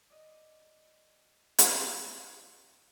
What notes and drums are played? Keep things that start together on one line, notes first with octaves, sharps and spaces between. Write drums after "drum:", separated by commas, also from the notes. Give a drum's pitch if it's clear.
D5 D#5
drum: hi-hat